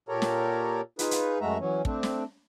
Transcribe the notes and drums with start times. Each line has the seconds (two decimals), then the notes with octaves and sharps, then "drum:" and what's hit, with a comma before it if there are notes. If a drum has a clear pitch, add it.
0.09 A#2 G4 A4 A#4 C#5 A#5
0.22 drum: snare
0.99 D#4 F4 G#4 B4, drum: hi-hat
1.11 drum: hi-hat
1.41 F#2 G#3 A3 F#4 E5 A#5
1.60 E3 F#3 C#4
1.85 A3 C4 D4, drum: kick
2.03 drum: snare